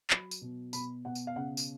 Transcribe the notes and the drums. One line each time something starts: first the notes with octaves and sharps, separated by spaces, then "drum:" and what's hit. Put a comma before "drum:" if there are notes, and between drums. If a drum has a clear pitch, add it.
F#3 B5, drum: clap
drum: tambourine
B2
B2 B5, drum: tambourine
B2 F#5
drum: tambourine
F5
C#3 F#5
drum: tambourine